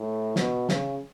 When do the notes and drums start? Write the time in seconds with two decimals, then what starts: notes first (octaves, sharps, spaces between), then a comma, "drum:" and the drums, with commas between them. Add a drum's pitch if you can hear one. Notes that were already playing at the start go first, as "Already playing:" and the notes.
Already playing: A2
0.36 B2, drum: snare
0.69 C#3, drum: snare